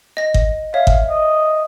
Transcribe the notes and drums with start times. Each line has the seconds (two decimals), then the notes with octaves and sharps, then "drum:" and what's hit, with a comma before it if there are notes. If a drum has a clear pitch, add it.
0.17 D#5 A#6
0.34 drum: kick G1
0.74 C#5 E5 F5
0.87 drum: kick G1
1.10 D#5